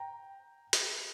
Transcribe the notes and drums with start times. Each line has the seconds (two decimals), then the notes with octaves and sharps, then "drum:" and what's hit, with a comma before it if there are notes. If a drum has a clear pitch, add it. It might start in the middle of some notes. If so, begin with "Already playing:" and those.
Already playing: G5 A#5
0.73 drum: hi-hat